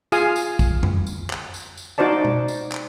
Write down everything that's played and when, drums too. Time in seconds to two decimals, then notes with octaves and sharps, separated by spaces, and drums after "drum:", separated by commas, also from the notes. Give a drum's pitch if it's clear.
0.12 F4 G#4 F5 G#5 D#6, drum: tambourine
0.36 drum: tambourine
0.59 drum: kick, tambourine
0.83 drum: tom F2
1.07 drum: tambourine
1.30 drum: clap
1.54 drum: tambourine
1.77 drum: tambourine
1.98 D#4 F#4 C5 D5 A5
2.25 drum: tom B2
2.48 drum: tambourine
2.72 drum: clap